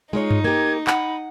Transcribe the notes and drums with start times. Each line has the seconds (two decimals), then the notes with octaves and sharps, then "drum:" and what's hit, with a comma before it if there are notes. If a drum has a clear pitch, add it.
0.13 G#3 D#4 F4 C#5
0.31 drum: tom G2
0.44 A#3 G4 G#6
0.87 F#5 B5, drum: clap